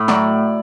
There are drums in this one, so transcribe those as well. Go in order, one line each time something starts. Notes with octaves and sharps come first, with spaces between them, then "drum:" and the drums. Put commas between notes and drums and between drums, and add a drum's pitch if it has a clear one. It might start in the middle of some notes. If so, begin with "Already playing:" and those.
Already playing: A2
F#3 D5, drum: snare